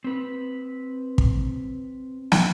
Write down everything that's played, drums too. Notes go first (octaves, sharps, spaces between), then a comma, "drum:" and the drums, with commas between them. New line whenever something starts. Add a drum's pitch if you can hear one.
C4 B4
drum: kick
drum: snare